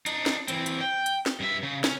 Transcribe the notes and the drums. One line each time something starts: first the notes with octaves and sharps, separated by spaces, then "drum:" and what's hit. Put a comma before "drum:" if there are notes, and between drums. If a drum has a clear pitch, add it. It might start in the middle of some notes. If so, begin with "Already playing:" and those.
D4 D#4, drum: hi-hat
drum: snare
E3 C4, drum: hi-hat
drum: hi-hat
G5
drum: hi-hat
drum: snare
G2 E5
C#3
C#4, drum: snare